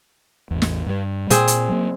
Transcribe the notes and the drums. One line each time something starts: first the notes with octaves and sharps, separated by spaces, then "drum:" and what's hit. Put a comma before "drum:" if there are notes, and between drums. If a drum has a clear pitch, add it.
A1 E2
drum: snare
G2 G3
A#2 C4 G#4, drum: hi-hat
drum: hi-hat
F#3 A3 A#3